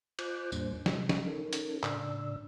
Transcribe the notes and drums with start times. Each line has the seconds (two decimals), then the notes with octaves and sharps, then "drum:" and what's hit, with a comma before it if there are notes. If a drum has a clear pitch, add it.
0.19 F4 C5 D6 F#6 G6, drum: cymbal
0.52 E2 A2 G3 A#3 D4 C5, drum: tambourine
0.86 C3 G3, drum: snare
1.09 drum: snare
1.26 C#4 D#4 A4 A#4
1.53 drum: hi-hat
1.83 A2 C#3 D4 D5 E6, drum: clap